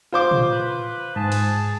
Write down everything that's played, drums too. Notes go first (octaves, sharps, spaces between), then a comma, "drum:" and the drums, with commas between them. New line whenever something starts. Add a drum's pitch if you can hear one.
F4 C5 D6
drum: tom
B4
G#2 G#4 A5
drum: cymbal